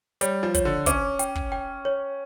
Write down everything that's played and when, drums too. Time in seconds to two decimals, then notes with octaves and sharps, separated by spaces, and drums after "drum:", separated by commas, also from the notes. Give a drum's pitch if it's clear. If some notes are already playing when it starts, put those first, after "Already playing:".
0.21 G3 C#5, drum: hi-hat
0.43 F3
0.54 C#5, drum: kick, hi-hat
0.65 D3
0.86 C#4 D6, drum: kick, hi-hat
1.19 G5, drum: hi-hat
1.36 drum: kick
1.52 G5
1.85 C#5